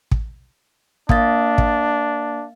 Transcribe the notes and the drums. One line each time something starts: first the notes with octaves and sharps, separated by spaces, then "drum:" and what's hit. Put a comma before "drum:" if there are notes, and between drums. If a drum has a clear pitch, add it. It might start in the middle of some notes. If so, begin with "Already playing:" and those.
drum: kick
A#3 D4 F5 A6, drum: kick
drum: kick